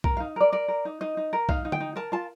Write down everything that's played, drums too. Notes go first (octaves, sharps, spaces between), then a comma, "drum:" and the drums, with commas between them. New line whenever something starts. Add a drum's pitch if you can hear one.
A#4, drum: kick B1
F5
D#4
A#4 D5
A#4 D5
A#4
D#4
D#4 D#5
D#4
A#4
D#4 F5, drum: kick B1
D#4
G5, drum: tom D3
D#4
A#4 A5
F4 A5